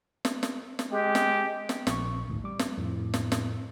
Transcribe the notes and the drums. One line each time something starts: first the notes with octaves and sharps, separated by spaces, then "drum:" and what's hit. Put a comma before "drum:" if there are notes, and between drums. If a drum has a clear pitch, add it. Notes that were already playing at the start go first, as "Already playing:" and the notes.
drum: snare
drum: snare
drum: snare
G#3 G4
drum: snare
drum: snare
A#1 C#6, drum: snare
A1 D2 G#2
G3 D6
drum: snare
F2 A2
drum: snare
drum: snare